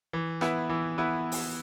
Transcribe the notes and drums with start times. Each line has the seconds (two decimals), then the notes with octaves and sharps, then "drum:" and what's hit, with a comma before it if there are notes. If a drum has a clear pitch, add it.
0.13 E3
0.41 B3 E4 B4, drum: rim click
0.69 E3
0.98 B3 E4 B4
1.32 drum: open hi-hat